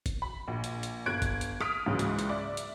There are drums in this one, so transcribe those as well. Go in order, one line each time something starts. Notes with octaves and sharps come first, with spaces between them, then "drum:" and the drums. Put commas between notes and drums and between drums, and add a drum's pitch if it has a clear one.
drum: kick, hi-hat
B5
A#1
drum: hi-hat
drum: hi-hat
G1 F#6 G#6 D7
drum: kick, hi-hat
drum: hi-hat
D#6 F6 B6 D7, drum: rim click
C#2 G#2 C#3 E3 F#3 G#3
drum: hi-hat
drum: hi-hat
D5 E5 D6
drum: hi-hat